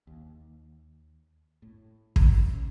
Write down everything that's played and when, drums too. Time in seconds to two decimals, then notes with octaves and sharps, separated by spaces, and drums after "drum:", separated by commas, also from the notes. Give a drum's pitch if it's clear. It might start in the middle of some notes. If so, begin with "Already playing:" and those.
0.07 D#2
1.62 A2
2.16 drum: kick
2.43 C#3